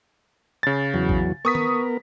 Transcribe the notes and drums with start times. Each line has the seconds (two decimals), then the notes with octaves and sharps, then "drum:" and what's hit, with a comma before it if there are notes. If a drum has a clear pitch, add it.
0.63 C#3 A6
0.94 E2 F#3
1.09 drum: kick A1
1.45 B3 A#4 C#6 D#6 B6
1.55 drum: tom